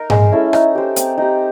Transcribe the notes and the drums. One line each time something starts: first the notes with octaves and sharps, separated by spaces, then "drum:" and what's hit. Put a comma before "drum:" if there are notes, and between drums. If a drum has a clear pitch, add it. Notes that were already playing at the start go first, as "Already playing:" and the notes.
Already playing: D#4 A#4
G#3, drum: tom G#2
C#4 E4 A4
D#4, drum: rim click
G4 C5
C4, drum: hi-hat
D#4 G4